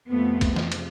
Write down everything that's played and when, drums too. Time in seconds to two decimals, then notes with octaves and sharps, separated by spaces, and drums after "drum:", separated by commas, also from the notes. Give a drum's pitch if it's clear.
0.10 F2 C3 F3 A3 B3
0.41 drum: kick C2, cymbal
0.56 drum: snare E3
0.72 drum: cymbal